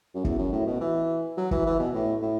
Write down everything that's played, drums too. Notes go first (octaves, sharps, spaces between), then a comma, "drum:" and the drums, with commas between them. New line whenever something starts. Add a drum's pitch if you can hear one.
F#2
E2, drum: kick
F#2
A2
B2
E3
F#3
E3, drum: kick
E3
B2
A2
A2